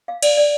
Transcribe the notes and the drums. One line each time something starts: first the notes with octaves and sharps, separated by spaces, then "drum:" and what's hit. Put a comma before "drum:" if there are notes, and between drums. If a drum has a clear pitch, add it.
F5
D5, drum: cymbal
D5